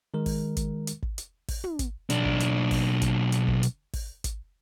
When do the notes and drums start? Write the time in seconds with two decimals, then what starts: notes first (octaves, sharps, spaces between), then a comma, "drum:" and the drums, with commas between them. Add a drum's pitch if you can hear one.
0.14 D#3 G#3 A#4
0.26 drum: kick, open hi-hat
0.57 drum: kick, hi-hat
0.87 drum: hi-hat
1.02 drum: kick
1.18 drum: hi-hat
1.48 drum: kick, open hi-hat
1.64 drum: tom
1.79 drum: kick, hi-hat
2.10 B1 D4, drum: hi-hat
2.25 drum: kick
2.40 drum: hi-hat
2.71 drum: kick, open hi-hat
3.02 drum: kick, hi-hat
3.32 drum: hi-hat
3.48 drum: kick
3.63 drum: hi-hat
3.93 drum: kick, open hi-hat
4.24 drum: kick, hi-hat